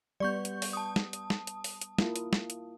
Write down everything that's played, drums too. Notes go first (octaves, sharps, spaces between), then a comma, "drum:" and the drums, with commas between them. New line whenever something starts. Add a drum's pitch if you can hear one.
G3 B3 D5 C#6 G6
drum: hi-hat
drum: open hi-hat
A5 D#6
drum: snare
drum: hi-hat
drum: snare
drum: hi-hat
drum: open hi-hat
drum: hi-hat
A#3 E4 F4, drum: snare
drum: hi-hat
drum: snare
drum: hi-hat